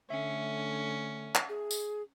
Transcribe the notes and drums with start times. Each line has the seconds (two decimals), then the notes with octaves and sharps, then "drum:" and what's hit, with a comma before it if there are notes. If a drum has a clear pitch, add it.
0.10 D3 A3 C#4 E5 C#7
1.35 drum: clap
1.49 G#4
1.71 drum: tambourine